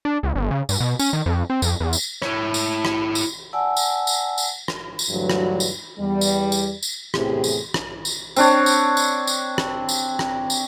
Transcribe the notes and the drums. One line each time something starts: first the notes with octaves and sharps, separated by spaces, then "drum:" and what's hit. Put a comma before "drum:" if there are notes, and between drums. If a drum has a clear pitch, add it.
D4
C#2
G1
C#3
G2, drum: tambourine
B2
C#4, drum: tambourine
D#3
F2
C4
F2, drum: tambourine
E2
drum: tambourine
E4 C#5, drum: rim click
drum: tambourine
drum: rim click
drum: tambourine
D5 F#5 G#5 A5 E6
drum: tambourine
drum: tambourine
drum: tambourine
drum: rim click
drum: tambourine
D2 G2 E3 F#3
drum: rim click
drum: tambourine
E2 G3
drum: tambourine
drum: tambourine
drum: tambourine
E2 A2 C3 G4 G#4, drum: rim click
drum: tambourine
drum: rim click
drum: tambourine
C4 D4 C#5, drum: tambourine
drum: tambourine
drum: tambourine
drum: tambourine
drum: rim click
drum: tambourine
drum: rim click
drum: tambourine